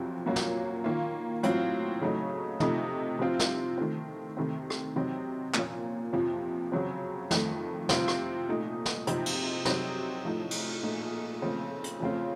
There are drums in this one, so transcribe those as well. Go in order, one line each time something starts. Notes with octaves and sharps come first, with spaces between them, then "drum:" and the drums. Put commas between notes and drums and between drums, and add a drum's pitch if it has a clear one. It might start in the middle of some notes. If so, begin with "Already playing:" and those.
Already playing: F2 C3 F#3 C4
A#2 F#3 A#3 C#4 F4
drum: snare
D#3 A#3 F4
A2 F#3 C4 F4, drum: hi-hat
C#3 F#3 A3 D#4
C3 F3 A3 D#4, drum: tom
C3 F3 C4 F4
drum: snare
D#3 A3 C4
C3 D#3 A3 C4
drum: rim click
C3 F#3 C4 D#4
A#2 F3 A#3 C#4 F4, drum: clap
F2 C3 F3
C#3 F#3 C4
F2 D#3 A3, drum: snare
C3 F3 C4 F4, drum: snare
drum: rim click
A#2 A3 D#4
drum: snare
C3 F3 C4 D#4, drum: hi-hat
drum: cymbal
C3 F#3 C4 D#4, drum: snare
A2 F3 A3 D#4
drum: cymbal
A#2 A3 D#4
C#3 F3 A3 C4
drum: hi-hat
F2 C#3 A3 C4 F4